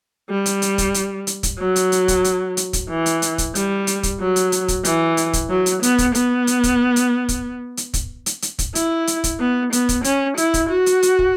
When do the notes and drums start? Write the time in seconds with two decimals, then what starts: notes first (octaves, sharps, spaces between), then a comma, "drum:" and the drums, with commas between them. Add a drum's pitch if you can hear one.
0.30 G3
0.46 drum: hi-hat
0.62 drum: hi-hat
0.78 drum: kick, hi-hat
0.94 drum: hi-hat
1.27 drum: hi-hat
1.43 drum: kick, hi-hat
1.59 F#3
1.76 drum: hi-hat
1.92 drum: hi-hat
2.08 drum: kick, hi-hat
2.24 drum: hi-hat
2.57 drum: hi-hat
2.73 drum: kick, hi-hat
2.90 E3
3.06 drum: hi-hat
3.22 drum: hi-hat
3.38 drum: kick, hi-hat
3.55 G3, drum: hi-hat
3.87 drum: hi-hat
4.03 drum: kick, hi-hat
4.20 F#3
4.36 drum: hi-hat
4.52 drum: hi-hat
4.68 drum: kick, hi-hat
4.85 E3, drum: hi-hat
5.17 drum: hi-hat
5.33 drum: kick, hi-hat
5.50 F#3
5.66 drum: hi-hat
5.83 B3, drum: hi-hat
5.98 drum: kick, hi-hat
6.15 B3, drum: hi-hat
6.47 drum: hi-hat
6.64 drum: kick, hi-hat
6.96 drum: hi-hat
7.29 drum: kick, hi-hat
7.77 drum: hi-hat
7.94 drum: kick, hi-hat
8.26 drum: hi-hat
8.42 drum: hi-hat
8.59 drum: kick, hi-hat
8.75 E4, drum: hi-hat
9.07 drum: hi-hat
9.24 drum: kick, hi-hat
9.41 B3
9.73 B3, drum: hi-hat
9.89 drum: kick, hi-hat
10.04 C#4, drum: hi-hat
10.37 E4, drum: hi-hat
10.54 drum: kick, hi-hat
10.69 F#4
10.86 drum: hi-hat
11.03 drum: hi-hat
11.19 drum: kick